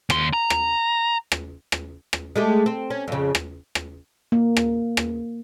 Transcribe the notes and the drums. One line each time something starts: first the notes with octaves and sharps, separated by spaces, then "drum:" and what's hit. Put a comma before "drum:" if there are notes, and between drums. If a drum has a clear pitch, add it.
D#2 C6, drum: rim click
A#5
drum: rim click
drum: rim click
drum: rim click
drum: rim click
G#3 A3 G4
C4
C#4
F2 C#3
drum: rim click
drum: rim click
A#3
drum: rim click
drum: rim click